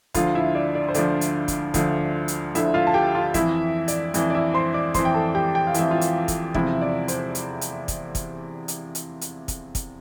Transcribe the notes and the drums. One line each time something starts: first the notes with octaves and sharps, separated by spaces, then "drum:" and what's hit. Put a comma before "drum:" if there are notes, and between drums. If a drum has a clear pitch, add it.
D2 D3 F3 F4 F5, drum: kick, hi-hat
E4 E5
D5
D5
C5
D2 D3 F3 D5, drum: hi-hat
drum: hi-hat
drum: kick, hi-hat
D2 D3 F3, drum: kick, hi-hat
drum: hi-hat
D2 D3 F3 E4 E5, drum: hi-hat
F4 F5
A5
G4 G5
F4 F5
F2 E3 E4 E5, drum: kick, hi-hat
D5, drum: hi-hat
F2 E3 D5, drum: hi-hat
D5
E4 E5
C5 C6
D5 D6
F2 E3 C5 C6, drum: kick, hi-hat
G5
A4 A5
G4 G5
G5
F5
F2 E3 E5, drum: hi-hat
F4 F5
drum: hi-hat
drum: kick, hi-hat
E2 C3 F3 E4 E5, drum: kick
D5
C5, drum: hi-hat
drum: hi-hat
drum: hi-hat
drum: kick, hi-hat
drum: kick, hi-hat
drum: hi-hat
drum: hi-hat
drum: hi-hat
drum: kick, hi-hat
drum: kick, hi-hat